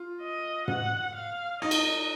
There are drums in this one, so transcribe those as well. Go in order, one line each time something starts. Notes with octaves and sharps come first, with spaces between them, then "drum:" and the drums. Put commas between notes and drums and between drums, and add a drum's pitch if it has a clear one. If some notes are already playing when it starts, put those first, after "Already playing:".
Already playing: F4
D#5
F#5, drum: tom
F5
D#4 D#5
drum: cymbal